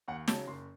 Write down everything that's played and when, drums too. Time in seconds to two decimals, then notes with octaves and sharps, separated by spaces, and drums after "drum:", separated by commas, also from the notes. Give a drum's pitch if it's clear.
0.08 D#2 F#5
0.28 C#3 F#3 A5, drum: snare
0.47 F#1 C6